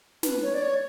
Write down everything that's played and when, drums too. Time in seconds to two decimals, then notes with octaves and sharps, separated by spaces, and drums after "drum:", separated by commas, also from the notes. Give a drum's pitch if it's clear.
0.23 B4, drum: snare
0.42 C#5
0.54 D5
0.62 C#5